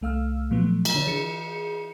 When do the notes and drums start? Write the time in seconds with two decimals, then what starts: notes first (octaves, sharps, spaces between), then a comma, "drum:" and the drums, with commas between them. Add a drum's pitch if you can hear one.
0.01 C2 A3 F5 E6 F6
0.50 A#2 F3 F#3 A3 B3
0.85 drum: cymbal
0.95 D3 D4 C#5
1.07 E3 G#4 C#7